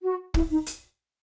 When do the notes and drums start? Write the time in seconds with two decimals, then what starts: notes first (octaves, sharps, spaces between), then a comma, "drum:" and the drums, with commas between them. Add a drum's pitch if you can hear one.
0.02 F#4
0.34 E4, drum: kick
0.50 D#4
0.66 drum: hi-hat